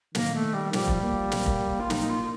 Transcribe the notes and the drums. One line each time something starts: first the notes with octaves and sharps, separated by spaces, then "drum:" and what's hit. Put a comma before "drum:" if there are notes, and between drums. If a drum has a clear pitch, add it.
D#3 A#3, drum: snare
A3
G3
F3 G3, drum: snare
drum: kick F1
A#3
drum: snare
drum: kick F1
F4
D#4, drum: snare
D#4
F4